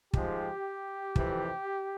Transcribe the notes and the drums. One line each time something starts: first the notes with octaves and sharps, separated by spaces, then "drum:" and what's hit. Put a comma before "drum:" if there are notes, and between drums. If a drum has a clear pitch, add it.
G#2 F3 G#3 G4, drum: kick
F2 C3 E3, drum: kick